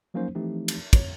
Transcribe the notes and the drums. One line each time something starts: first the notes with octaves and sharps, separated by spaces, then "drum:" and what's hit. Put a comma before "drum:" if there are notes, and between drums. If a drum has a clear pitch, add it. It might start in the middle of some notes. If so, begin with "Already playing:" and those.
F3 F#3 A#3 C#4 D#4 C5
E3 F3 A3 C4 D#4 G4
drum: cymbal
F2 C#5, drum: kick, cymbal